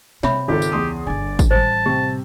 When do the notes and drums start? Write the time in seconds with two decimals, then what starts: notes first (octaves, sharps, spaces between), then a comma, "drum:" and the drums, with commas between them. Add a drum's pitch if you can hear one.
0.23 C3 C#5 E5 B5, drum: snare
0.48 G#1 C#2 F4 G4 A4
0.62 drum: tambourine
0.72 E2 C6 D#6
1.06 G1 D3 D5 G#5
1.39 drum: kick G#1, tambourine
1.51 A1 G3 C5 A5
1.86 C3 G4